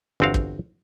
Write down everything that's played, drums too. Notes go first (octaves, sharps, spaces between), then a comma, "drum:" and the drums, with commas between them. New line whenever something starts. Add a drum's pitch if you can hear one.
G1 E2 C4 F#4 F5
drum: kick